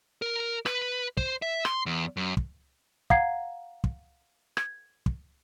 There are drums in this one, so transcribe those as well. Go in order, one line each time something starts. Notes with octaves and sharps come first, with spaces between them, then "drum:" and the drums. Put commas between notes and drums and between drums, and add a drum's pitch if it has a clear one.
A#4
B4, drum: rim click
C5, drum: kick
E5
C6, drum: rim click
E2
F#2
drum: kick
F5 F#5 A#5 G#6 C7, drum: kick
drum: kick
G#6, drum: rim click
drum: kick